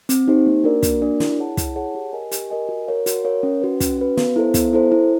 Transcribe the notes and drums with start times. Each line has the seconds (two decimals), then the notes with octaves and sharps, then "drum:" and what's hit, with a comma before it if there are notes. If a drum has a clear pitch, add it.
0.09 C4, drum: hi-hat
0.28 D#4 G4 C5
0.46 A#3
0.64 D4 F#4 A#4 D5
0.83 A#3, drum: kick, hi-hat
1.02 D4 F#4 A#4 D5
1.20 E4, drum: snare
1.39 G#4 C#5 F#5 A5
1.57 E4, drum: kick, hi-hat
1.76 G#4 C#5 F#5 A5
1.95 G4
2.13 A#4 D#5 G#5
2.32 G4, drum: hi-hat
2.50 A#4 D#5 G#5
2.69 F#4
2.88 A#4 C#5 F5
3.06 F#4, drum: hi-hat
3.25 A#4 C#5 F5
3.43 C#4
3.62 F#4 B4
3.80 C#4, drum: kick, hi-hat
3.98 F#4 B4
4.17 B3, drum: snare
4.36 E4 A4 C5
4.54 B3, drum: kick, hi-hat
4.73 E4 A4 C5
4.92 E4